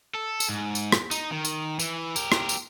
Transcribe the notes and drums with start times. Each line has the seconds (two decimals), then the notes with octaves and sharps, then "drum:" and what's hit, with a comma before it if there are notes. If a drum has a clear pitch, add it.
0.15 A4
0.40 drum: tambourine
0.49 G#2
0.75 drum: tambourine
0.92 drum: rim click
1.11 D#4, drum: tambourine
1.32 D#3
1.45 drum: tambourine
1.79 E3, drum: tambourine
2.16 G4 A#4, drum: tambourine
2.32 drum: rim click
2.49 drum: tambourine